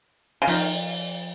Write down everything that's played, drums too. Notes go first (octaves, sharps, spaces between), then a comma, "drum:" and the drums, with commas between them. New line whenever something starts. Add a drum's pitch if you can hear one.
C#3
D#3 F3, drum: open hi-hat